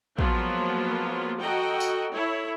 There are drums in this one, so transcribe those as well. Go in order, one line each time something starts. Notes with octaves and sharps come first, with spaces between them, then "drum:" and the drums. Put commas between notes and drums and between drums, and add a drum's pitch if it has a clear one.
F3 F#3 G#3 A#3 B3 F4, drum: kick
F#4 A4 D#5 G5 A#5
drum: tambourine
E4 A4 C#5